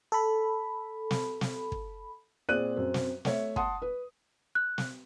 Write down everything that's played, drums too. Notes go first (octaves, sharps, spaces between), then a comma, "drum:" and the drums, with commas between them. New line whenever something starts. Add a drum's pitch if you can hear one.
A4 B5
drum: snare
drum: snare
drum: kick
A#2 C4 G#4 D5 F#6 D#7
F#2 C4
drum: snare
A3 C#5 E5, drum: snare
F#5 A5 C6 D#6, drum: kick
B4
F#6
drum: snare